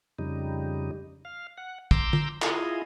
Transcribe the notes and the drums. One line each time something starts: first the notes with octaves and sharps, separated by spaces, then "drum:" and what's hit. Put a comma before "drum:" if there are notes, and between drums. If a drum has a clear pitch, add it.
F2 C#3 G3 D#4
F5
F#5
A#5 C6 D6 E6 G6, drum: kick
drum: tom
E4 F4 G#4 D#5, drum: clap